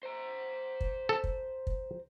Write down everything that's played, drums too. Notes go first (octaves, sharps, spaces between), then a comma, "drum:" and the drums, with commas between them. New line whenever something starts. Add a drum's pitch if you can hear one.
C5 A#5
drum: kick
A4
drum: kick
drum: kick